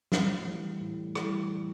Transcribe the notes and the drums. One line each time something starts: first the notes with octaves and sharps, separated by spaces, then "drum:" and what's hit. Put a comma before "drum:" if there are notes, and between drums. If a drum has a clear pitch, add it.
A2, drum: snare
E3 G3
A2
E3 G3, drum: rim click